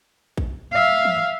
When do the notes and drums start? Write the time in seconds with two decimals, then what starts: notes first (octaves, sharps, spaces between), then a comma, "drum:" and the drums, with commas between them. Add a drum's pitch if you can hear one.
0.38 drum: kick
0.71 E5 F5
1.05 drum: tom